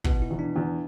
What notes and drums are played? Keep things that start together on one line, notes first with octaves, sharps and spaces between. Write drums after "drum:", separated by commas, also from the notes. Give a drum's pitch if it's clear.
B2 E4, drum: kick
E4
E2
D4
E2